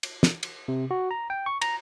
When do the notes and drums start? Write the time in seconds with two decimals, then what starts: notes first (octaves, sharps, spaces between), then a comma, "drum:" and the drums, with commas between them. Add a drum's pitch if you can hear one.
0.03 drum: cymbal
0.23 drum: snare
0.43 drum: cymbal
0.68 C3
0.91 F#4
1.11 A#5
1.30 G5
1.46 C#6
1.62 A#5, drum: cymbal